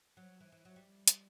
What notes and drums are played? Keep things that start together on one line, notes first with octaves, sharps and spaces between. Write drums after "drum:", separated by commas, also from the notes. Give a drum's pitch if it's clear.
F#3
E3
E3
F#3
G3
drum: hi-hat